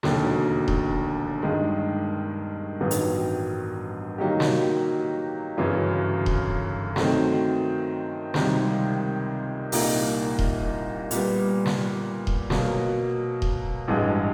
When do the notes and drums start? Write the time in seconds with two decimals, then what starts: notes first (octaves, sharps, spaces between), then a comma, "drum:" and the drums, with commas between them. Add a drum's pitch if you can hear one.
0.03 E1 D#2 D3 F#3, drum: snare
0.68 drum: kick D#1
1.42 G2 D#3 G#3
2.80 A1 G2 D#3 F#3 B3
2.91 drum: hi-hat
4.18 D#3 F#3 A#3 D#4 G4
4.40 drum: snare
5.57 G1 F#2 C#3 E3
6.26 drum: kick D#1
6.96 D#3 F#3 A3 C4, drum: snare
8.34 C#2 C3 D#3 G3 C4, drum: snare
9.72 C2 A#2 G3 A#3 D#4, drum: open hi-hat
10.39 drum: kick D#1
11.11 A#2 G3 B3, drum: hi-hat
11.66 drum: snare
12.27 drum: kick D#1
12.50 B2 F#3 A#3, drum: snare
13.42 drum: kick D#1
13.88 A1 G2 E3 G#3